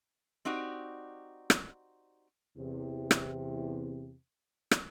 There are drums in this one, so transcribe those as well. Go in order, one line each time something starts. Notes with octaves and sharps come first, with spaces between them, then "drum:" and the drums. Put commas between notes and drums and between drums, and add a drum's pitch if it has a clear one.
C4 D#4 F#4 G4 D5
drum: rim click
E2 C3
drum: rim click
drum: rim click